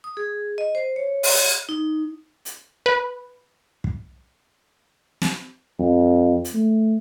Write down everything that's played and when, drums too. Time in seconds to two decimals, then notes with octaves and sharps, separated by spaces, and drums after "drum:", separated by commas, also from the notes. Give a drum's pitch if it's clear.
0.04 D#6
0.17 G#4
0.58 D#5
0.75 C5
0.96 C#5
1.23 drum: open hi-hat
1.69 D#4
2.45 drum: hi-hat
2.86 B4
3.84 drum: kick
5.22 drum: snare
5.79 F2
6.45 drum: hi-hat
6.54 A3